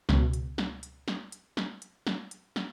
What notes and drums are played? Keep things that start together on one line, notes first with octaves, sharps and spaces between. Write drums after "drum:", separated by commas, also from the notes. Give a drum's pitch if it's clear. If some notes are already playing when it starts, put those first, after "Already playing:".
C#2 B2, drum: snare
drum: hi-hat
drum: snare
drum: hi-hat
drum: snare
drum: hi-hat
drum: snare
drum: hi-hat
drum: snare
drum: hi-hat
drum: snare